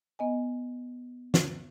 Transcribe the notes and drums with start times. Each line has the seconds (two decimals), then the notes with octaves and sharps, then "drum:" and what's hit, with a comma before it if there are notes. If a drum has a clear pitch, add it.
0.19 B3 D#5 G#5
1.34 drum: snare